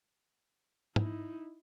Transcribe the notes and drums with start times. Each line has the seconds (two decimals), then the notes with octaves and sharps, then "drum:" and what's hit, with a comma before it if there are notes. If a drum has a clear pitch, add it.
0.96 D#4 E4, drum: tom